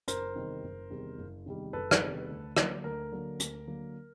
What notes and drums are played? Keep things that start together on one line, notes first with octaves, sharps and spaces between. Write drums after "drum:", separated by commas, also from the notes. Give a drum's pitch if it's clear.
F#1 A#4 C5, drum: hi-hat
E2 C3 D#3 G3
F#1
E2 C3 D#3 G3
F#1
E2 C3 D#3 G3
F#1 A4 B4
drum: rim click
E2 C3 D#3 G3
D2
D3 F#3 A#3, drum: rim click
D2 A#4
D3 F#3 A#3
D2, drum: hi-hat
D3 F#3 A#3